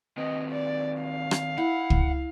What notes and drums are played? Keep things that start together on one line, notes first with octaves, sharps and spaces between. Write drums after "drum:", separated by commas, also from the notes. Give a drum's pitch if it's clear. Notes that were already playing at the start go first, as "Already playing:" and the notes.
D#3 C4 B4 D#5
D5
F5
drum: rim click
E4 F#5
drum: kick